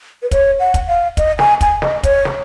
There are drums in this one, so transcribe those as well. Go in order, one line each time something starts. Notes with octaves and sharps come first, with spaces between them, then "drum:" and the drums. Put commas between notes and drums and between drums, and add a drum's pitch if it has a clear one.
B4
C#5, drum: kick, hi-hat
F#5
drum: kick, hi-hat
F5
D#5, drum: kick, hi-hat
G#5, drum: snare
G#5, drum: kick, hi-hat
D#5, drum: snare
C#5, drum: kick, hi-hat
drum: snare